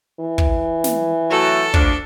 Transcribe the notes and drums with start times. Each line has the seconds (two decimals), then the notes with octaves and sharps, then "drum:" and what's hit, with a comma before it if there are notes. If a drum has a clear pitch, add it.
0.20 E3
0.38 drum: kick
0.84 drum: snare
1.30 F#3 A3 F#4 A4
1.74 D2 F3 D4, drum: kick